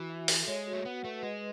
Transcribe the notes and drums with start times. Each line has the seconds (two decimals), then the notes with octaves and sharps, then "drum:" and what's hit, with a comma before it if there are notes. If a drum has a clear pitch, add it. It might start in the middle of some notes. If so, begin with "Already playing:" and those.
Already playing: E3 F#4
0.10 E5
0.28 A4, drum: open hi-hat
0.47 G#3 C#5
0.67 F#4
0.73 A3
0.85 B3 F#5
1.04 A3 B4
1.23 G#3 D#5